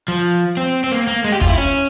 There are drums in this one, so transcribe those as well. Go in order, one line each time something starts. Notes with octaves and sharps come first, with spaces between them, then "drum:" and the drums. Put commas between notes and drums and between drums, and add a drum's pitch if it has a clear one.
F3
C4
C4
A#3
A#3
G#3
G4
F4, drum: kick
E4
C#4